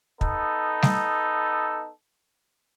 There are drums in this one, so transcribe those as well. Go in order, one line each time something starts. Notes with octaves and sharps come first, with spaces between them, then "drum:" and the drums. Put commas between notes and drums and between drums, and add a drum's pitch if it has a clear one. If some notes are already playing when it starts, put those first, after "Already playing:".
B3 D#4 A4, drum: kick
drum: snare G3